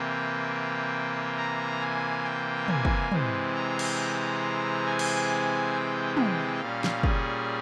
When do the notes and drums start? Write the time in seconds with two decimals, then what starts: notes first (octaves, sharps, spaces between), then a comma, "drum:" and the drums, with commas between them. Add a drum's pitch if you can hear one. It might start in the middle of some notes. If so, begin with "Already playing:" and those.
Already playing: C3 E3 A#3 G5
1.37 A#5
1.81 G#5
2.25 G5
2.68 G#5, drum: tom
2.85 drum: kick
3.12 C3 E3 G#3 C4, drum: tom
3.55 A#5
3.79 drum: cymbal
4.86 G#5
4.99 drum: cymbal
5.73 G5
6.17 G5, drum: tom
6.60 A#2 G3 C#4 F5
6.84 drum: snare
7.03 G#4, drum: kick